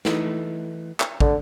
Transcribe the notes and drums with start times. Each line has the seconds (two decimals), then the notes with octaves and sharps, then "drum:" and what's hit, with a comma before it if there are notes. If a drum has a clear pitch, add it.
0.05 E3 A3 D#4, drum: snare
1.00 drum: clap
1.20 D3, drum: kick